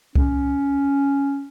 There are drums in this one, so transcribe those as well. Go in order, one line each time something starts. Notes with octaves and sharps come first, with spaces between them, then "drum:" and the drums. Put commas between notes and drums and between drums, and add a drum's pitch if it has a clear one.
C#4, drum: kick C2